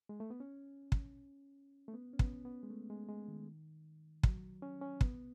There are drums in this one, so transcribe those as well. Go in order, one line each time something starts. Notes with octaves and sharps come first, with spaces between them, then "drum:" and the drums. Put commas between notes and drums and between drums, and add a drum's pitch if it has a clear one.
G#3
A3
B3
C#4
drum: kick
A3
B3
C#4
B3, drum: kick
B3
G#3
A3
G#3
G#3
D#3
F#3, drum: kick
C#4
C#4
B3, drum: kick